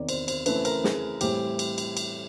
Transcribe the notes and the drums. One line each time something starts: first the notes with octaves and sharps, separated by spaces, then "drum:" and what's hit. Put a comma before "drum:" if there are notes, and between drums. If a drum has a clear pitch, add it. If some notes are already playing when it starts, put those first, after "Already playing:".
Already playing: E2 C3 D#3 C#5 D5
C5, drum: cymbal
C5, drum: cymbal
C#3 E3 A3 C4 B4, drum: cymbal
A#4, drum: cymbal
G#4, drum: snare
A2 E3 G3 C4 G4, drum: cymbal
drum: cymbal
drum: cymbal
drum: cymbal